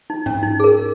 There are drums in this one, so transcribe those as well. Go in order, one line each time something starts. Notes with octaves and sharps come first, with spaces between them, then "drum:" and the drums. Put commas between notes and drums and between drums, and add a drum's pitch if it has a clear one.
D#4
C#4, drum: tom G#2
D#4
G#4
A#4